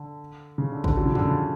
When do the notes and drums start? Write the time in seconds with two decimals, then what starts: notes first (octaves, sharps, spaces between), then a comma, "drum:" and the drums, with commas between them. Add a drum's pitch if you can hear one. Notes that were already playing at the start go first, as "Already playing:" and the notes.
Already playing: D3
0.58 C#3
0.72 D3
0.84 D3, drum: kick A1
0.97 D3 F#3
1.05 C#3 F3
1.15 D3, drum: tom E2
1.25 C#3
1.35 D3